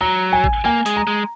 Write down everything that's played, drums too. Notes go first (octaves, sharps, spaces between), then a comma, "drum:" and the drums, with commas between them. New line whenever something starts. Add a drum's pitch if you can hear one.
F#3 A#5
G#5
drum: kick A1
A#3 G#5
G#3, drum: hi-hat
A#5
G#3